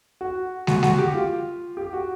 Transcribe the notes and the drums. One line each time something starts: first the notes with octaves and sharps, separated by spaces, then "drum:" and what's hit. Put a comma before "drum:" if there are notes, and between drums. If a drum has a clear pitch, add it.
F#4
F#4, drum: snare
F#4, drum: snare
G4
F4
G4
F#4